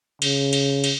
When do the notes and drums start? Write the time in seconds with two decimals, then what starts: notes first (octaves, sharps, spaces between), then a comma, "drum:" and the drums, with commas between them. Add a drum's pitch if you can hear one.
0.22 C#3, drum: cymbal
0.53 drum: cymbal
0.84 drum: cymbal